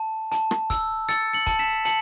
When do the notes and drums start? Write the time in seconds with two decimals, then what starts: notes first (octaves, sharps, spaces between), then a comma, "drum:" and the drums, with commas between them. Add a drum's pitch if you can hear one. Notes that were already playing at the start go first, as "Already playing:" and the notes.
Already playing: A5
0.32 A5, drum: hi-hat
0.51 drum: rim click
0.70 E6, drum: kick, hi-hat
1.09 E6 A6 C#7, drum: hi-hat
1.33 C#7 F#7
1.47 A5, drum: kick, hi-hat
1.59 B6 E7
1.85 A5 C#7 F#7, drum: hi-hat